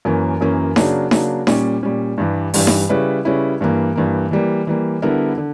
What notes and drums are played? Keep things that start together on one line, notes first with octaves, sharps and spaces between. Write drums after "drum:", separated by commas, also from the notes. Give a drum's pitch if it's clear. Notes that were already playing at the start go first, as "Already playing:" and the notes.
F#2 E3 A#3 C#4
F#2 E3 A#3 C#4
C#3 F#3 A#3 D4, drum: snare D#4
C#3 F#3 A#3 D4, drum: snare D#4
A#2 G3 C#4, drum: snare D#4
A#2 G3 C#4
G2 E3 G3
G2 E3 G3, drum: open hi-hat
drum: snare D#4
C#3 G3 C#4 E4 B4
C#3 G3 C#4 E4 B4
G2 E3 A#3
G2 E3 A#3
E3 G3 A#3
E3 G3 A#3
D3 G3 B3 E4 A#4
D3